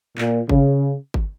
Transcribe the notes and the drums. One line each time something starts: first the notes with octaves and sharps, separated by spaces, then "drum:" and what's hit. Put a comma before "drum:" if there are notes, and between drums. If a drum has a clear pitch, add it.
A#2, drum: clap
C#3, drum: kick G1
drum: kick G1